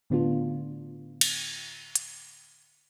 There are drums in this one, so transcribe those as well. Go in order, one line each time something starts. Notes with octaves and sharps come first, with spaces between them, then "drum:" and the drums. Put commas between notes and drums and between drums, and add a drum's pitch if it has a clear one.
A2 D3 B3 D4 F4
drum: cymbal
drum: hi-hat